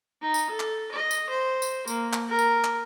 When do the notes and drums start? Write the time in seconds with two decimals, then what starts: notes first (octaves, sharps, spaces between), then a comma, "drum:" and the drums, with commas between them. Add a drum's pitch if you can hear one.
0.22 D#4
0.34 drum: tambourine
0.50 A4
0.60 drum: clap
0.92 D#5
1.11 drum: tambourine
1.30 C5
1.62 drum: tambourine
1.88 A#3, drum: tambourine
2.13 drum: clap
2.29 A#4
2.39 drum: tambourine
2.64 drum: clap